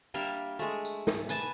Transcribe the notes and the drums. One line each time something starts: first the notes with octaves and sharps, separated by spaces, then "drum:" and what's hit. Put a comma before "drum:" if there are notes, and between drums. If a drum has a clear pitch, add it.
G3 A#3 D4 E5
G#3 A3
drum: tambourine
drum: snare
B4 G#5 A5, drum: tambourine